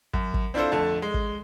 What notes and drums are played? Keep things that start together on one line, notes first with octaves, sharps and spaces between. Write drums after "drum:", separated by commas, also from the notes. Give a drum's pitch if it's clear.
F#2, drum: kick
drum: kick
C4 D4 E4 F4 A4 C5
F2 D3 A3 A5
G#3
drum: kick